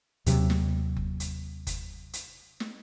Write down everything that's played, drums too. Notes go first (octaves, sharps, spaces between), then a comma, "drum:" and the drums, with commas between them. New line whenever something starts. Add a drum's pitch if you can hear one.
D#2 C3 F#3, drum: hi-hat
drum: snare
drum: kick F#1
drum: hi-hat
drum: kick F#1, hi-hat
drum: hi-hat
drum: snare